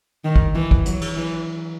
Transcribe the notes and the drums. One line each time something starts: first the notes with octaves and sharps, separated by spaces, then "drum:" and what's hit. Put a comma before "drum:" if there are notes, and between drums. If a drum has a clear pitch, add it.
D#3
drum: kick
E3
drum: kick
F#3, drum: hi-hat
drum: cymbal
E3